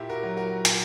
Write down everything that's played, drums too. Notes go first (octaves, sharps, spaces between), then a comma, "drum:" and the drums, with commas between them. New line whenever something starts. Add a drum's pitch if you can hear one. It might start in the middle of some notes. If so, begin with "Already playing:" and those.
Already playing: A#2 E4 G4
F#4 A#4
F#3
F#4 A#4
A#2, drum: hi-hat